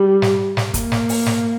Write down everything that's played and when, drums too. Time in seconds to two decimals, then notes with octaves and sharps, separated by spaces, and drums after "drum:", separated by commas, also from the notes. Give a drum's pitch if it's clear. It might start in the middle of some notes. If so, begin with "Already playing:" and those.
Already playing: G3
0.22 drum: snare
0.57 drum: snare
0.74 A#3, drum: kick, hi-hat
0.92 drum: snare
1.09 drum: open hi-hat
1.26 drum: snare